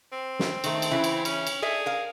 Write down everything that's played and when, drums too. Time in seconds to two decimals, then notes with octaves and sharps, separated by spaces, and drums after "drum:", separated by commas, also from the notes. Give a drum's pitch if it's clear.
0.12 C4
0.39 drum: snare
0.64 D#3 A3, drum: cymbal
0.82 drum: cymbal
0.91 C#3 E3 E4
1.04 drum: cymbal
1.25 C#4, drum: cymbal
1.47 drum: cymbal
1.62 G#4 A4 D5 E5
1.86 A#4 F5